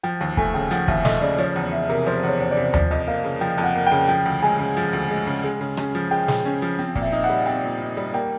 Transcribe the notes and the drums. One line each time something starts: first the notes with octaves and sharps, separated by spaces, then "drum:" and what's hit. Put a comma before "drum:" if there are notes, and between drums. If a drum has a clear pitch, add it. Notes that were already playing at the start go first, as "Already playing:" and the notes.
F3 G5
D#2
A3 G#5, drum: kick
C#3 G5
F3 F#5, drum: hi-hat
D#2 E5, drum: kick
A3 D#5, drum: snare
C#3 D5
F3 C#5
E2
E2 E5
C3 A#4
F3 C5
E2
C#5
E2
D5
C3
F3 D5, drum: tom D#2
F2 D#5
A#3 F5
C#3
F3 G5
F2
F#5
A#3
G5
C#3
F3 G5
D2
G#3 G#5
C#3
F3
D2
G#3
C#3
G#3
C#3
C#4, drum: rim click
F3
G#3 G5
C#3, drum: snare
C#4
F3
C4
A#2, drum: kick
E5
D#4
F#5
G3
C4 G5
A#2
D#4
G3
A#3 G5